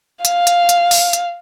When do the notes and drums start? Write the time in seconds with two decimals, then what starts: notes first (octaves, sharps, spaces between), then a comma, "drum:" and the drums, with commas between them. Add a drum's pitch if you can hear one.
0.25 F5, drum: hi-hat
0.47 drum: hi-hat
0.69 drum: hi-hat
0.91 drum: open hi-hat
1.13 drum: hi-hat